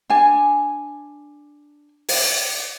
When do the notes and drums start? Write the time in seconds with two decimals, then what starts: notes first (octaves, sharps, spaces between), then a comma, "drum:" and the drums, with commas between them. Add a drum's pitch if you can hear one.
0.10 D4 G#5
2.09 drum: open hi-hat